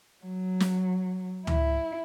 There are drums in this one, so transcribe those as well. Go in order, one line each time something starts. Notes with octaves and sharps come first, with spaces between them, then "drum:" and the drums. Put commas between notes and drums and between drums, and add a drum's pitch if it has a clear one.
F#3
drum: snare
E4, drum: tom C#2